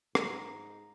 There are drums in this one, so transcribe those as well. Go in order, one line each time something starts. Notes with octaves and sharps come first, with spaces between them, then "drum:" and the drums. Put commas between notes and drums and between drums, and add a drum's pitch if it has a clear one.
G#2 D#4 A#5, drum: rim click